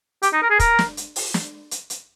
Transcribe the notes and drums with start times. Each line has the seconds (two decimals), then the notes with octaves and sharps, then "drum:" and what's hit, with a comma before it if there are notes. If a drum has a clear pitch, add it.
0.22 G4, drum: hi-hat
0.33 D#4
0.42 A#4
0.50 G#4
0.60 A#4, drum: kick, hi-hat
0.79 drum: snare
0.97 drum: hi-hat
1.16 drum: open hi-hat
1.34 drum: snare
1.71 drum: hi-hat
1.90 drum: hi-hat